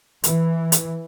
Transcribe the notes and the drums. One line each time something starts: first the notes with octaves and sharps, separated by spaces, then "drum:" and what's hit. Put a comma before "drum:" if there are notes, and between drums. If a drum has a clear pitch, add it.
E3, drum: hi-hat
drum: hi-hat